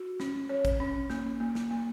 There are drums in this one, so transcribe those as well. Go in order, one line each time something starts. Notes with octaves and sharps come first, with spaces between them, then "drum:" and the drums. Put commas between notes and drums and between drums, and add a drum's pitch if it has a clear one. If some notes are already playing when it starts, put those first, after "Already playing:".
Already playing: F#4
C#4, drum: snare
C#5
drum: kick, hi-hat
C#4
A#3, drum: snare
A#3
drum: snare
A#3